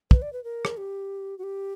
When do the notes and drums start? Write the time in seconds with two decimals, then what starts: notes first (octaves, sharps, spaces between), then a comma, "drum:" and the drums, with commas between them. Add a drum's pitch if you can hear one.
0.11 B4, drum: kick
0.22 D5
0.33 B4
0.44 A#4
0.65 drum: rim click
0.77 G4
1.38 F#4
1.43 G4